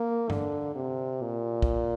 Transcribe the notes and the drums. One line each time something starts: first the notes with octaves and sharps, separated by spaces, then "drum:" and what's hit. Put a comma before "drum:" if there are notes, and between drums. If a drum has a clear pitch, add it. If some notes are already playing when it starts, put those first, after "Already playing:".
Already playing: A#3
D3, drum: tom G2
C3
A#2
drum: kick